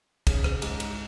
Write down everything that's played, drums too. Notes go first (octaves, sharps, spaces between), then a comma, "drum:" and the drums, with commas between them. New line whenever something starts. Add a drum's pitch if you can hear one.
C#3, drum: kick, cymbal
drum: rim click
G#2, drum: cymbal
drum: cymbal